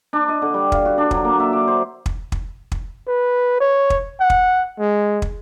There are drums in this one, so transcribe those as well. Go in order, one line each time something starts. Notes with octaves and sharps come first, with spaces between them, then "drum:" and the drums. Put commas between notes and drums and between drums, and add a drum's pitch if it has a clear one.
D4
D#5
D3
G3
F5, drum: kick
F#4
D4
F#3, drum: kick
A#3
E5
D5
C5
drum: kick
drum: kick
drum: kick
B4
C#5
drum: kick
F#5
drum: kick
G#3
drum: kick